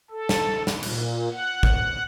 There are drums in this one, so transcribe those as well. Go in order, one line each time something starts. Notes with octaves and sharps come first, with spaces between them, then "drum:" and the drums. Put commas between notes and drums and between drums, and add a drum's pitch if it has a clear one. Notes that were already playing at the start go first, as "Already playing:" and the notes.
A4
drum: snare
drum: snare
A#2, drum: cymbal
F#5
drum: kick